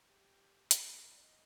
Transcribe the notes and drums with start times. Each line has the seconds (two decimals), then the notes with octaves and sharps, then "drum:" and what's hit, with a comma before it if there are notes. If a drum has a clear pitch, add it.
0.09 G4
0.71 G#4, drum: hi-hat
0.81 G4
0.92 G#4
1.02 A#4
1.13 D5
1.23 D#5